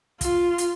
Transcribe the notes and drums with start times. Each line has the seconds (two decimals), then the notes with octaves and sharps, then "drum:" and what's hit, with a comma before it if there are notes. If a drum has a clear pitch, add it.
0.21 F4, drum: kick, hi-hat
0.58 drum: hi-hat